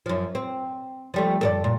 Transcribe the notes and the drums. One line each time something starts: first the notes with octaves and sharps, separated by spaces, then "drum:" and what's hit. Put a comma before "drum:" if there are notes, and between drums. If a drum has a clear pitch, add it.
F#2 F3
C4
F3 G3 A3
A4 A#4 D5, drum: tom F#2
A#2